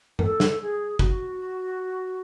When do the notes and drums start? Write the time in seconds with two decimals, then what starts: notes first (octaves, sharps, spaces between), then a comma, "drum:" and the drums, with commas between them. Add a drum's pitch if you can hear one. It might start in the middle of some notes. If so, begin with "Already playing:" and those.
0.19 A#4, drum: tom G2
0.24 A4
0.40 drum: snare
0.62 G#4
0.99 F#4, drum: kick